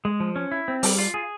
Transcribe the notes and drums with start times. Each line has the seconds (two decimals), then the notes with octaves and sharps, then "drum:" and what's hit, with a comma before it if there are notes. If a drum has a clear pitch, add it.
0.05 G#3
0.20 F3
0.36 C#4
0.52 E4
0.68 C4
0.83 G3, drum: open hi-hat
0.98 F4
1.14 G#4